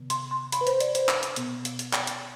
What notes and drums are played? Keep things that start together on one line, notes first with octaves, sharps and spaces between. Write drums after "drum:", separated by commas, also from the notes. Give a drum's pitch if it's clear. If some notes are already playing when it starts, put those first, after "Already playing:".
Already playing: C3 D#3 B3
C6, drum: hi-hat
C6
B5, drum: hi-hat
B4
C5, drum: hi-hat
D5, drum: hi-hat
C5, drum: hi-hat
drum: clap
drum: hi-hat
B2 B3, drum: hi-hat
drum: hi-hat
drum: hi-hat
drum: clap
drum: hi-hat